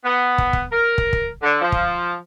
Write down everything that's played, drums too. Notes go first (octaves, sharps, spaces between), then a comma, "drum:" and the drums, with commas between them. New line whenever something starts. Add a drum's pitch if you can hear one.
B3
drum: kick
drum: kick
A#4
drum: kick
drum: kick
D3
F3
drum: kick